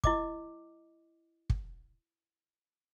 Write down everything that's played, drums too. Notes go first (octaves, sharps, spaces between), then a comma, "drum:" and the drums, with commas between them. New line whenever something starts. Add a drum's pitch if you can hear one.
E4 D#5 D6, drum: kick
drum: kick